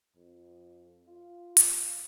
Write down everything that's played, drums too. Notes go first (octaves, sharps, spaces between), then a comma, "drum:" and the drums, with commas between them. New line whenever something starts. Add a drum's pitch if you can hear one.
F2
F4
drum: hi-hat